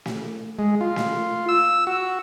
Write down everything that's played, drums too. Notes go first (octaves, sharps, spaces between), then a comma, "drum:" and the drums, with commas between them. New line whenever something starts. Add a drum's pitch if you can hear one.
drum: snare
G#3
F4
drum: snare
E6
F#4